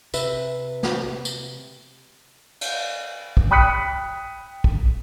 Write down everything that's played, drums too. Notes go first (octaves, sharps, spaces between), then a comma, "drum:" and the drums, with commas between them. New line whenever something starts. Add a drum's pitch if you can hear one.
C3 B4 E5, drum: tambourine
drum: snare
drum: tambourine
drum: cymbal
drum: kick
G5 B5 D#6 F#6 B6 C#7
drum: kick